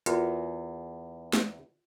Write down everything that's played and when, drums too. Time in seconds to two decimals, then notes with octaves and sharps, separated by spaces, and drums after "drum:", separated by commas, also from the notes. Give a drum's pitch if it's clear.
0.06 E2 F4 F#4 A#4, drum: hi-hat
1.33 drum: snare